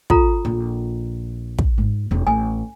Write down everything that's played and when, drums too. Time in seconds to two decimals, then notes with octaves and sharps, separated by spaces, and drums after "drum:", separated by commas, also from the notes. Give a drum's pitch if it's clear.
0.10 F4 A4 A#5, drum: kick
0.45 A#1
1.59 drum: kick
1.78 G#2
2.11 E1 C#4
2.27 A1 G#5